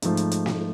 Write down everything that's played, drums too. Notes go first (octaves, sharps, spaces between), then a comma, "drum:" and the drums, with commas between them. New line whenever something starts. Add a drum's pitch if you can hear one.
G#2 F3 A3, drum: hi-hat
drum: hi-hat
drum: hi-hat
drum: snare